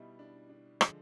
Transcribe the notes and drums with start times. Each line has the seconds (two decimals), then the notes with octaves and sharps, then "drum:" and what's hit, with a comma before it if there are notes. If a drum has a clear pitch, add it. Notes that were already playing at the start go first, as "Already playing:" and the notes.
Already playing: B2 G3 D#4 E4
0.19 D4
0.50 D4
0.81 D3 F3 G#3, drum: rim click